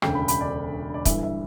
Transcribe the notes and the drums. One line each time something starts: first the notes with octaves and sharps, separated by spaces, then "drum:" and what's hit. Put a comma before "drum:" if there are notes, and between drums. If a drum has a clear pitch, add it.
E1 D2 C#3 G5, drum: rim click
B5
B5, drum: hi-hat
D5
D5
G1 G2 E3 E5, drum: kick, hi-hat
E5